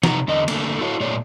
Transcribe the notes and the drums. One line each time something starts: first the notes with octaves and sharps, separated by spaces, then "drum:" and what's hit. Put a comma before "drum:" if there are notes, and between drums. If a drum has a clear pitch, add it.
C3 F3 D#4 F#5 A#5, drum: snare
E2 D3 D#5
D3 A3 A#3, drum: cymbal
E4 F#4 A4 C#5 F5
A#2 A3 G#4 C#5 D5